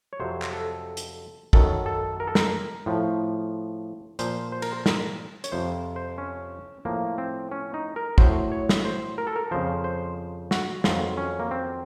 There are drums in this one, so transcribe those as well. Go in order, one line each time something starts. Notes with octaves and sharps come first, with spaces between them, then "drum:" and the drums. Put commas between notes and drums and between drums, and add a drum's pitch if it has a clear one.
C#5
F2 C3 F#3 C5
drum: clap
A4
drum: hi-hat
F#2 D#3 F#3 A4, drum: kick
A4
A#4
A4
A#4, drum: snare
A2 F3
A#2 F3 C5, drum: hi-hat
C5
A#4, drum: cymbal
C5
A#4, drum: snare
C#5, drum: hi-hat
F2 C3 F3 C5
C5
C#4
A2 F3 A#3
C4
C#4
D#4
A#4
A2 F#3 C5, drum: kick
C#5
drum: snare
C5
A#4
A4
A#4
F2 C#3 F3 C5
C5
F#4, drum: snare
F2 D#3 F#3 F4, drum: snare
C#4
A#3
C4